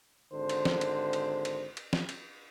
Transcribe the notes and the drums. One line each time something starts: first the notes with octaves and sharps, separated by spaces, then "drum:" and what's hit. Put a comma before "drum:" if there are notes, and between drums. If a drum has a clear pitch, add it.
G#1 D3 C5
drum: cymbal
drum: snare
drum: cymbal
drum: cymbal
drum: cymbal
drum: cymbal
drum: snare
drum: cymbal